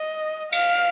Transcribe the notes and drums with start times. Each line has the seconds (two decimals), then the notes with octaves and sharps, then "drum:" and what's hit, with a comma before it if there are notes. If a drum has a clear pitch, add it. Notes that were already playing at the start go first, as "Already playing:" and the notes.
Already playing: D#5
0.52 F5, drum: cymbal